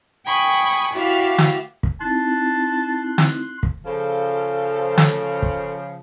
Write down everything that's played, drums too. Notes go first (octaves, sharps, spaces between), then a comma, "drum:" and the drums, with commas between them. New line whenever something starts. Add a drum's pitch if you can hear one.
G5 G#5 B5 C#6 D#6
E4 F#4 G4 D5 E5 F5
drum: snare
drum: kick
C4 D#4 E4 A5 C6 F#6
drum: snare
drum: kick
C#3 F3 A4
drum: snare
drum: kick